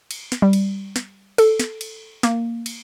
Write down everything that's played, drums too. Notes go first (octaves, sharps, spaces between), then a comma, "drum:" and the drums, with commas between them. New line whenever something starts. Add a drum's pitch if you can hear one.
drum: cymbal
drum: snare
G3
drum: cymbal
drum: snare
A4, drum: cymbal
drum: snare
drum: cymbal
A#3, drum: snare
drum: cymbal